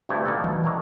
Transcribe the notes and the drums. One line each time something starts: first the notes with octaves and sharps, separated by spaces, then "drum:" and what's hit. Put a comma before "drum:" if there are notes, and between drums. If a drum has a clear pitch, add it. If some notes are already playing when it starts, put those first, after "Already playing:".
D2 G2 C3 A3 E4
A#2 D#3 A#3 B3 A4
B2, drum: tom D#3
D#3 F#3 D4 E4 A#4 C#5